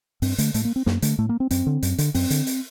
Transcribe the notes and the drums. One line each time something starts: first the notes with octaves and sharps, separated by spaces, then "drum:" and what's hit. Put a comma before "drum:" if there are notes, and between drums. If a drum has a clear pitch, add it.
G2 C4, drum: open hi-hat
D3 A3, drum: hi-hat
A2 A3, drum: hi-hat
A#3
C4
F#2 A#3, drum: snare
D3 A3, drum: hi-hat
A2 A3
A#3
C4
F#2 C4, drum: hi-hat
D3
F#2, drum: hi-hat
D3, drum: hi-hat
F#2 C4, drum: open hi-hat
D3, drum: hi-hat
drum: hi-hat